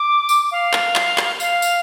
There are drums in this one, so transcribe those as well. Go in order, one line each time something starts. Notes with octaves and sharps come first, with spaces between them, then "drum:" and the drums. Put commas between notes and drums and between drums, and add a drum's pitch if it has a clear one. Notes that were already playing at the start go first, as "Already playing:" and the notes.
Already playing: D6
drum: tambourine
F5
drum: clap
drum: clap
drum: clap
F5, drum: tambourine
drum: tambourine